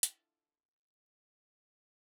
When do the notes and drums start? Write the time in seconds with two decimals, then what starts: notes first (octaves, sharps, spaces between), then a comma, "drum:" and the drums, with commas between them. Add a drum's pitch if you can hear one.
0.03 D3 E4 F4 A5, drum: hi-hat